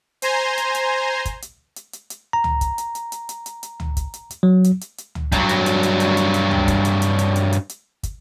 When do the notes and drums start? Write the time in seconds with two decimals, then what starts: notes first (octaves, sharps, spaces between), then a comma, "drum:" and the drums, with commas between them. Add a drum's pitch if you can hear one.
0.22 C5 G#5 A#5 C6, drum: hi-hat
0.58 drum: hi-hat
0.75 drum: hi-hat
1.25 drum: kick, hi-hat
1.42 drum: hi-hat
1.76 drum: hi-hat
1.93 drum: hi-hat
2.10 drum: hi-hat
2.33 A#5
2.44 drum: tom C#2
2.61 drum: kick, hi-hat
2.78 drum: hi-hat
2.95 drum: hi-hat
3.12 drum: hi-hat
3.29 drum: hi-hat
3.46 drum: hi-hat
3.63 drum: hi-hat
3.80 drum: tom C#2
3.97 drum: kick, hi-hat
4.14 drum: hi-hat
4.31 drum: hi-hat
4.43 F#3
4.64 drum: hi-hat
4.81 drum: hi-hat
4.98 drum: hi-hat
5.15 drum: tom C#2
5.32 G2 F#3, drum: kick, hi-hat
5.49 drum: hi-hat
5.66 drum: hi-hat
5.83 drum: hi-hat
6.00 drum: hi-hat
6.17 drum: hi-hat
6.34 drum: hi-hat
6.51 drum: tom C#2
6.68 drum: kick, hi-hat
6.85 drum: hi-hat
7.02 drum: hi-hat
7.19 drum: hi-hat
7.36 drum: hi-hat
7.53 drum: hi-hat
7.69 drum: hi-hat
8.03 drum: kick, hi-hat